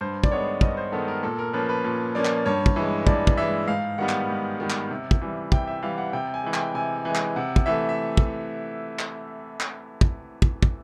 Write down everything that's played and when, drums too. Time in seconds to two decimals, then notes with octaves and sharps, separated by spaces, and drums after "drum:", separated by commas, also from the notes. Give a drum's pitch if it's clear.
0.01 G2 C5
0.24 D5, drum: kick
0.30 D#3 G#3 B3 C#5
0.61 G2 D#5, drum: kick
0.77 C5
0.92 D#3 G#3 B3 A4
1.08 A#4
1.23 A#2 A4
1.39 A#4
1.53 F3 A#3 C#4 B4
1.69 B4
1.84 A#2
2.15 F3 A#3 C#4 D5
2.25 drum: clap
2.46 G2 C#5
2.66 drum: kick
2.76 E3 G#3
3.07 G2 D5, drum: kick
3.27 drum: kick
3.37 E3 G#3 E5
3.68 G#2 F5
3.98 D#3 G3 B3 F#5
4.09 drum: clap
4.30 G#2
4.60 D#3 G3 B3
4.70 drum: clap
4.90 C3
5.11 drum: kick
5.22 E3 G3
5.52 C3 G5, drum: kick
5.67 E5
5.82 E3 G3 F5
5.98 F#5
6.13 C3 G5
6.34 G#5
6.44 E3 G#3
6.54 G5, drum: clap
6.74 C3 G#5
7.05 E3 G#3 G#5
7.15 drum: clap
7.36 C3 F#5
7.56 drum: kick
7.66 E3 A3 E5
7.89 E5
8.17 drum: kick
8.99 drum: clap
9.60 drum: clap
10.01 drum: kick
10.42 drum: kick
10.63 drum: kick